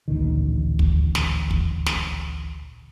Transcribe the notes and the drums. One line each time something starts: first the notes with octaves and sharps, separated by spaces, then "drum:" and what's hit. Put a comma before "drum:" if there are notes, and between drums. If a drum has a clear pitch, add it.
A1 D2 A#2 D#3
drum: kick
drum: snare
drum: kick
drum: snare